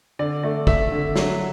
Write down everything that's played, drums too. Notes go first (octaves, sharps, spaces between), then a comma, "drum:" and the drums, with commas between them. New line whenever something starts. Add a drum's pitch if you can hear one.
D3 D5
A3 D5
A3 E5, drum: kick
D3
F#3, drum: snare